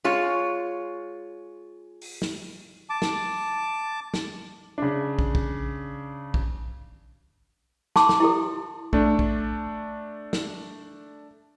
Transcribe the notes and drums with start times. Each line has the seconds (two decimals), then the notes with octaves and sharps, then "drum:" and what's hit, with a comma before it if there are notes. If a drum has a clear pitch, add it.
0.04 G#3 F4 C#5
2.01 drum: open hi-hat
2.22 drum: snare
2.90 A5 D6
3.02 drum: snare
4.14 drum: snare
4.78 C#3 D4
5.19 drum: kick
5.35 drum: kick
6.34 drum: kick
7.96 A5 C6 D6, drum: snare
8.09 drum: snare
8.20 E4 G4 A4
8.93 A3 D4, drum: kick
9.19 drum: kick
10.33 drum: snare